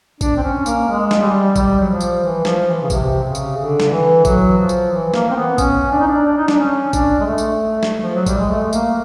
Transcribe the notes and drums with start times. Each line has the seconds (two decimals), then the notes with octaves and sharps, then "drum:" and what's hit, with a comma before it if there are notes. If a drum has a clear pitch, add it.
0.21 D4, drum: kick A1, tambourine
0.37 C4
0.43 C#4
0.66 A#3, drum: tambourine
0.89 G#3
1.11 drum: snare
1.22 G3
1.56 G3, drum: kick A1, tambourine
1.80 F#3
1.90 F3
2.01 drum: tambourine
2.23 E3
2.45 F3, drum: snare
2.68 E3
2.82 C#3
2.90 C3, drum: kick A1, tambourine
3.24 C#3
3.35 drum: tambourine
3.57 D3
3.80 drum: snare
3.91 E3
4.25 F#3, drum: kick A1, tambourine
4.58 F3
4.69 drum: tambourine
4.92 E3
5.14 A#3, drum: snare
5.31 C4
5.36 B3
5.58 C#4, drum: kick A1, tambourine
5.92 D4
6.00 D#4
6.07 D4
6.26 D4
6.37 D#4
6.48 D4, drum: snare
6.59 C#4
6.93 D4, drum: kick A1, tambourine
7.20 G#3
7.27 A3
7.38 drum: tambourine
7.83 drum: snare
8.02 F3
8.15 F#3
8.26 G3, drum: kick A1, tambourine
8.38 G#3
8.50 A3
8.73 A#3, drum: tambourine